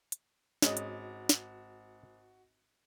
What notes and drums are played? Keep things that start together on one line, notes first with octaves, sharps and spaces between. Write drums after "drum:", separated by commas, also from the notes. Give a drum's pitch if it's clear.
drum: hi-hat
G#1 G#3 C#4 F#4 C#5 D#5, drum: snare
drum: hi-hat
drum: snare